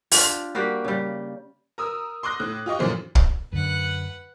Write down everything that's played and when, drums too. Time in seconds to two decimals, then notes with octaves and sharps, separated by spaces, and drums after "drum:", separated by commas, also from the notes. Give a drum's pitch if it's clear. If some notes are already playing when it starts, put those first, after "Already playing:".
0.11 D4 F4 G4, drum: open hi-hat
0.55 G3 A#3 F#4 G4
0.84 C#3 G3
1.78 A#4 D#6 E6
2.23 C6 D6 D#6 F#6 A#6
2.40 A2 F#6
2.66 F4 G4 D#5 C#6
2.79 F#2 A#2 D3 E3 F3
3.15 drum: kick
3.53 F#2 D3 B4 F#5